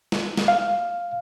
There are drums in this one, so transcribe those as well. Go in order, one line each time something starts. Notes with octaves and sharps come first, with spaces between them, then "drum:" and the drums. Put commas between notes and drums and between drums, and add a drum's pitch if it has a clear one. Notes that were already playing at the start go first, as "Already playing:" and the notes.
drum: snare
drum: snare
F5